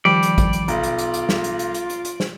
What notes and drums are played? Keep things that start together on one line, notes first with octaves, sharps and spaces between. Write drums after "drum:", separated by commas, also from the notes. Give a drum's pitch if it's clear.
D#3 F3 G3 D5
drum: hi-hat
drum: kick, hi-hat
drum: hi-hat
B1 F4 A#5, drum: hi-hat
drum: hi-hat
drum: hi-hat
drum: hi-hat
drum: snare
drum: hi-hat
drum: hi-hat
drum: hi-hat
drum: hi-hat
drum: hi-hat
drum: snare